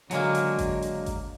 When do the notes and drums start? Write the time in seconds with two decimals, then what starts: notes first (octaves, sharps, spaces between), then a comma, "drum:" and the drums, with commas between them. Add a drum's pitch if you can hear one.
0.11 D3 F#3 G#3 A#3, drum: hi-hat
0.35 drum: hi-hat
0.58 drum: kick G#1, hi-hat
0.82 drum: hi-hat
1.06 drum: kick G#1, hi-hat